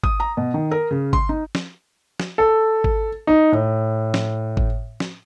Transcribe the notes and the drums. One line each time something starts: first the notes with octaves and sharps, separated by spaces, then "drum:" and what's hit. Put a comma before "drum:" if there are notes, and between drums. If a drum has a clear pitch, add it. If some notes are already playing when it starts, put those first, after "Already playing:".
D#6, drum: kick G#1
A#5
B2
D#3
A#4
C#3
C6, drum: kick G#1
D#4
drum: snare
drum: snare
A4
drum: kick G#1
D#4
A2
drum: snare
drum: kick G#1
drum: snare